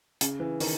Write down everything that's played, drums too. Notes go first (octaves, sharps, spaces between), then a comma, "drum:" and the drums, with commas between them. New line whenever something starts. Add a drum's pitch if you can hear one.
C#3, drum: hi-hat
E3
D#3, drum: open hi-hat